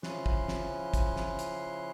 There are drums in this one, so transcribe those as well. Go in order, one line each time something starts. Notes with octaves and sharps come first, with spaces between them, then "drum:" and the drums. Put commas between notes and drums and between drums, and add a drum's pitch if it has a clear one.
C#3 F3 C#4 E4 C6 F#6, drum: snare
drum: kick
drum: snare
drum: kick, hi-hat
drum: snare
drum: hi-hat